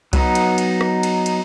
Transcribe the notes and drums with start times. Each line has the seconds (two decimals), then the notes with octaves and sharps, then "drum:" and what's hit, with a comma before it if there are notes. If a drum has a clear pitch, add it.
0.13 F#3 B3 D#4, drum: kick C2, cymbal
0.35 drum: cymbal
0.58 drum: cymbal
0.81 drum: rim click
1.03 drum: cymbal
1.26 drum: cymbal